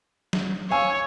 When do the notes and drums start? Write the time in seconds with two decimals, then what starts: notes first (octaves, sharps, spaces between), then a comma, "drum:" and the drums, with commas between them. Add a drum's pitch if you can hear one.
0.33 drum: snare
0.71 C#5 F5 G#5 E6